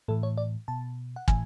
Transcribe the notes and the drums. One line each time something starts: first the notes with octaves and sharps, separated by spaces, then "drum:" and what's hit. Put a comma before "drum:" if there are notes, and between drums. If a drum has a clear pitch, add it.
A2 E3 A4
C#5
D5
B2 A5
F#5
A2 E3 G#5, drum: kick